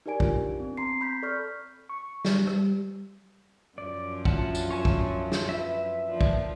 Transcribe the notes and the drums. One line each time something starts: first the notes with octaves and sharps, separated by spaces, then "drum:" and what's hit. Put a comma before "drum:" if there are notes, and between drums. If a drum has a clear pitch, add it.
D#4 G4 A#4 D5 G#5 D7
D4 F4, drum: kick
B3 C4
C4 A#5 C6 C7
B5 G6 B6
A4 D5 C#6 F6 G6
C#6
G3, drum: snare
G3, drum: rim click
F#2 F3 D5
D4 E4 F4 F#5 A5, drum: kick
drum: tambourine
C#5 G#5 A5
drum: kick
drum: snare
B4 E5
D#3 F3 A#3 D4
drum: kick